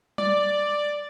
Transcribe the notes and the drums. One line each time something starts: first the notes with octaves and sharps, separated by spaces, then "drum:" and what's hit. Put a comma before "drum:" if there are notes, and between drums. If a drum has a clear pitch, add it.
D5, drum: tom G3